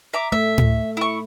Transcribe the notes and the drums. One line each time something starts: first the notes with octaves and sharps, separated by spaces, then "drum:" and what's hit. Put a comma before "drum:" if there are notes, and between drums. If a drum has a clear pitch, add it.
E5 A#5 D6
A3 E5
drum: tom A2
E4 C#6